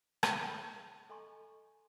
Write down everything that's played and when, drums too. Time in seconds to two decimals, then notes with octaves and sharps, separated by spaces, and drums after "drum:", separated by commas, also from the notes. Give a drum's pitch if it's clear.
0.23 G#4 D#5 C6, drum: rim click
1.09 A4 D#5 G#5 A#5 C6 C#6